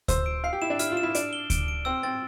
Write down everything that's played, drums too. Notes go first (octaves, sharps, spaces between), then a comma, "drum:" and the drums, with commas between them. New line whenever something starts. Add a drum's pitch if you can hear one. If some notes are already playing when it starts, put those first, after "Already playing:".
C5 E6, drum: kick D2, hi-hat
D7
F5 C7
G4
E4 E7
D4
E4 F6, drum: hi-hat
F4
E7
E4
D4 D7, drum: hi-hat
G7
D7, drum: kick D2, hi-hat
D7
C4 E6
C4 A6